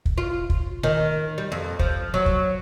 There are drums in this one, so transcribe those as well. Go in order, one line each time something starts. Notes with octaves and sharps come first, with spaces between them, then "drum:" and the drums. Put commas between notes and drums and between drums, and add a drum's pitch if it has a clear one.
drum: kick
F4
drum: kick
D#3
G3
F2
F3, drum: kick
F#3
drum: kick